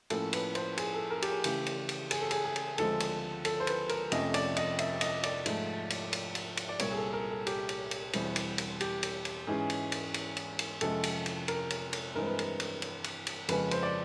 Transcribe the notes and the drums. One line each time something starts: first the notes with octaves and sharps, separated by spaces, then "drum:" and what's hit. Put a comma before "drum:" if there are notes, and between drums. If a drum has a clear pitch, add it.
A2 F3 A#3 C#4 A4, drum: cymbal
B4, drum: cymbal
C5, drum: cymbal
G#4, drum: cymbal
A4
A#4
G4, drum: cymbal
G#4
C#3 E3 A3 G4, drum: cymbal
drum: cymbal
drum: cymbal
G#4, drum: cymbal
A4
G#4, drum: cymbal
G#4
drum: cymbal
D2 D3 F3 G#3 C4 A4, drum: cymbal
drum: cymbal
A4, drum: cymbal
C5
B4, drum: cymbal
A#4, drum: cymbal
F2 C3 F3 A3 C#4 D#5, drum: cymbal
D5, drum: cymbal
D#5, drum: cymbal
E5, drum: cymbal
D#5, drum: cymbal
D5, drum: cymbal
G#2 F3 A3, drum: cymbal
drum: cymbal
drum: cymbal
drum: cymbal
drum: cymbal
D5
C2 A#2 G3 C#5, drum: cymbal
G#4
A4
A#4
A4
G4, drum: cymbal
drum: cymbal
drum: cymbal
E2 B2 G3 C4 E4, drum: cymbal
drum: cymbal
drum: cymbal
G4, drum: cymbal
drum: cymbal
drum: cymbal
G#2 E3 G#3 C#4 G#4
drum: cymbal
drum: cymbal
drum: cymbal
drum: cymbal
drum: cymbal
F2 C3 F3 G#3 C#4 A4, drum: cymbal
drum: cymbal
drum: cymbal
A#4, drum: cymbal
drum: cymbal
drum: cymbal
G2 E3 G#3 C4 A#4
B4
A#4, drum: cymbal
drum: cymbal
drum: cymbal
drum: cymbal
drum: cymbal
F2 C#3 F3 G#3 C#4 B4, drum: cymbal
C5, drum: cymbal
D5